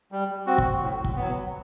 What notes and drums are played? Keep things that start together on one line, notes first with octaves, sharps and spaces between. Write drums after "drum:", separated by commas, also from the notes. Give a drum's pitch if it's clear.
G3
C4 F#4
drum: kick
A2
drum: kick
F#3 B3